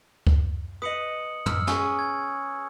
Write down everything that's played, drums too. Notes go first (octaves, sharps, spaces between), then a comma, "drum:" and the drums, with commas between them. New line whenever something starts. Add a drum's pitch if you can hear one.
drum: kick D2
B4 D#5 D#6 C#7 F#7
E6 F6, drum: tom
C#4 G#4 G#5 C#6, drum: snare
G#6